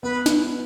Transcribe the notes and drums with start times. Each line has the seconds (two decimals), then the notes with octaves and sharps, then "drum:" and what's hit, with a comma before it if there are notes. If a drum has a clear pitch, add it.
0.03 B3 B4
0.26 drum: snare